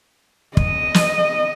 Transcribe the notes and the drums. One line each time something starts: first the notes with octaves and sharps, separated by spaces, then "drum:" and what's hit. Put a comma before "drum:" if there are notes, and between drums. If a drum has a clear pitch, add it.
D#5, drum: kick
drum: snare